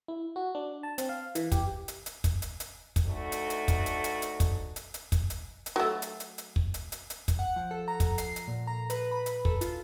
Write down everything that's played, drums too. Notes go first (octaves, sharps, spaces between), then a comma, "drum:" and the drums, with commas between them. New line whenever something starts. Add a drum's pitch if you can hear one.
E4
F#4
D4
A5
C4, drum: hi-hat
F5
E3, drum: hi-hat
G4, drum: kick, hi-hat
drum: hi-hat
drum: hi-hat
drum: kick, hi-hat
drum: hi-hat
drum: hi-hat
drum: kick, hi-hat
D2 A3 D#4 F#4 A4 D5
drum: hi-hat
drum: hi-hat
drum: kick, hi-hat
drum: hi-hat
drum: hi-hat
drum: hi-hat
drum: kick, hi-hat
drum: hi-hat
drum: hi-hat
drum: kick, hi-hat
drum: hi-hat
drum: hi-hat
F#3 A3
drum: hi-hat
drum: hi-hat
drum: hi-hat
drum: kick
drum: hi-hat
drum: hi-hat
drum: hi-hat
drum: kick, hi-hat
F#5
F3
A4
A#5
drum: kick, hi-hat
C7, drum: hi-hat
drum: hi-hat
A#2
A#5
B4, drum: hi-hat
B5
drum: hi-hat
A4, drum: kick
F4, drum: hi-hat